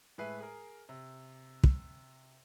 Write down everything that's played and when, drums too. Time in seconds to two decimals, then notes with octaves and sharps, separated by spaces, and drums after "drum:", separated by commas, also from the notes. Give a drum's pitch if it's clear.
0.18 A2 G#3 G#4 B4 E5 C7
0.40 G#4 A#4
0.89 C3
1.64 drum: kick